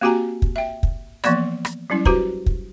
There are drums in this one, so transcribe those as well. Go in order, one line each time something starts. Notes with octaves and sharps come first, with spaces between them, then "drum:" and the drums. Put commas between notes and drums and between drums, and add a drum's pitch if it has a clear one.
A#3 C4 F#4 G4 G#5 A#5
drum: kick
E5 G5
drum: kick
E3 F3 A#3 B3 D5, drum: rim click
drum: rim click
F#3 G3 C#4 E4
F#4 G4 B4 C5 A#5, drum: kick
drum: kick